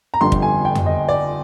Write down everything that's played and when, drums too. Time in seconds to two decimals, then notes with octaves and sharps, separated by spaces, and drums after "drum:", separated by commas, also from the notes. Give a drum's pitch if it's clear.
0.14 A#5
0.21 G1 F2 D3 G3 C6
0.32 drum: kick
0.42 G#5
0.65 G5
0.75 drum: tom F2
0.86 D#5
1.09 D5